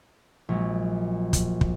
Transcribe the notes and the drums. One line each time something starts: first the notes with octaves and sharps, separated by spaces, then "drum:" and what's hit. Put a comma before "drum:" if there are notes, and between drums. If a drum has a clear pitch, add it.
A#1 F#3 G#3
drum: kick, hi-hat
drum: kick